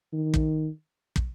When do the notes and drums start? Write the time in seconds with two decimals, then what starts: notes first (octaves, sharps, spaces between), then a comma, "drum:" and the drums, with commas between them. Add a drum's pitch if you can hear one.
0.13 D#3
0.34 drum: kick
1.16 drum: kick